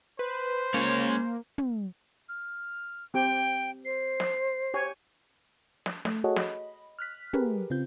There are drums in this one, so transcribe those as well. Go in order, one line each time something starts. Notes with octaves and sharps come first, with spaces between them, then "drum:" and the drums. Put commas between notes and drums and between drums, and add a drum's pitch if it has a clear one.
B4 C5
G#3 A#3 C#4 C#5
drum: tom
F6
C4 G4 G5
C5 C7
drum: snare
G4 C#5 G#5
drum: snare
A3, drum: snare
F#4 G#4 A4 C#5 D#5 F#5
D#5 B5, drum: snare
F6 F#6 B6
G4 G#4 A#4 B4, drum: tom
C#3 C4 F4 G6